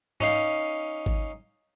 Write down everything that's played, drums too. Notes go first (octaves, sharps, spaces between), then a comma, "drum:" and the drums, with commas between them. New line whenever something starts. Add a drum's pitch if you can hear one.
C#4 D#4 F5, drum: tom G#2
drum: tambourine
drum: kick G#1